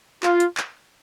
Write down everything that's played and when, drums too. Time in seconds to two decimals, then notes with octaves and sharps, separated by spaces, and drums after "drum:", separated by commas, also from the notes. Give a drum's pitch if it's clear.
0.23 F4, drum: clap
0.40 drum: hi-hat
0.57 drum: clap